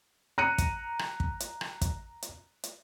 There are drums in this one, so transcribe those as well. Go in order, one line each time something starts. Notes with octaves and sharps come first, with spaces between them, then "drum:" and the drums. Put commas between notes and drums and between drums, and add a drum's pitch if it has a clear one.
A#5 F#6 C#7 D#7
drum: kick, hi-hat
drum: rim click
drum: kick
drum: hi-hat
drum: rim click
drum: kick, hi-hat
drum: hi-hat
drum: hi-hat